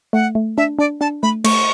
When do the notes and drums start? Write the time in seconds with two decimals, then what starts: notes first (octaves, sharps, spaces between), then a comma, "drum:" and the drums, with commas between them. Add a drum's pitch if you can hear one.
0.13 A3 F#5
0.35 A3
0.58 D4 E5
0.79 D4 D5
1.01 D4 A5
1.23 A3 B5
1.44 A3 C#6, drum: cymbal